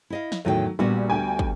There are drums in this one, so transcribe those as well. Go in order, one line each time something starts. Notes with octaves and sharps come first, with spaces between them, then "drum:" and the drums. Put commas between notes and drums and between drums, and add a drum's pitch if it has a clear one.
E4 D#5 F5
drum: snare
E2 A2 D#3 F#3 A3 G5
A#1 A#2 G3 B3 F#4
D2 G5 G#5
drum: kick